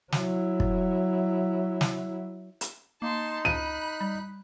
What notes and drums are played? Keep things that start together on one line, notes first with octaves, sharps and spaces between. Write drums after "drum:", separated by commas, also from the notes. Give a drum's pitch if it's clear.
F#3 E4, drum: snare
drum: kick
drum: snare
drum: hi-hat
A#3 D#4 A5 C6
C#2 B5 F#6 D#7
G3